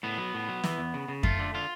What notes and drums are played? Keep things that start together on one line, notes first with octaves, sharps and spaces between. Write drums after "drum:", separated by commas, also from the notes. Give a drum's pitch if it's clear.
A2 B3
F#3
A2
F#3
E3, drum: snare
E2
C#3
C#3
A3 F4, drum: kick F2
D3
D3 F4